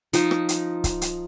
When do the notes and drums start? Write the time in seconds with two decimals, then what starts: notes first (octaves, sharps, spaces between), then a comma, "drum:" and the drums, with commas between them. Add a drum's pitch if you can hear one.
0.13 F3 D#4, drum: hi-hat
0.31 drum: rim click
0.49 drum: hi-hat
0.84 drum: kick C#1, hi-hat
1.01 drum: hi-hat